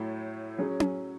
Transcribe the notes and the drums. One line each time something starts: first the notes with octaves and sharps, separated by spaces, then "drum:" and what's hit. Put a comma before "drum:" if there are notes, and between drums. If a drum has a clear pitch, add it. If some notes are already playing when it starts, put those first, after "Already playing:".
Already playing: A2 F#3 A3 E4
F#3 C#4 G#4
drum: tom C#4